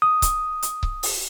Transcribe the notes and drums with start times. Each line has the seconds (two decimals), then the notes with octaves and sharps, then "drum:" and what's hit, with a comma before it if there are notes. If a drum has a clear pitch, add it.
0.02 D#6
0.22 drum: kick C#1, hi-hat
0.63 drum: hi-hat
0.83 drum: kick C#1
1.03 drum: open hi-hat